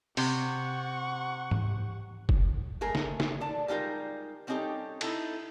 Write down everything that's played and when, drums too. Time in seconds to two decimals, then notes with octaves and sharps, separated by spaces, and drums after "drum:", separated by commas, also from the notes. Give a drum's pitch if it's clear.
0.17 C3 F#5 C#6, drum: open hi-hat
1.51 drum: tom G#2
2.29 drum: kick F#1
2.81 G#3 A3 G#4 A#4
2.95 drum: snare
3.20 drum: snare
3.40 D4 A5
3.68 G3 G#3 D#4 F4 A#4
4.47 G3 C4 C#4 D#4 G4 A4
5.01 D#4 E4 A4, drum: cymbal